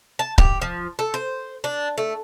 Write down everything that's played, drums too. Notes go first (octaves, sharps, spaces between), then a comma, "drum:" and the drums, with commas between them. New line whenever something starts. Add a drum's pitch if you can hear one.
A5
G4, drum: kick C#1
F3
A4
C5
D4
A3